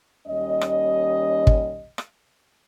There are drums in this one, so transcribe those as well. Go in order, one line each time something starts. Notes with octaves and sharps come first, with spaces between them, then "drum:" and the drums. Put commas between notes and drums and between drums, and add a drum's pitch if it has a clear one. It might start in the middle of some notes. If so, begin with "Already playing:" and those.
D#2 G3 C#4 D#5
drum: rim click
drum: kick
drum: rim click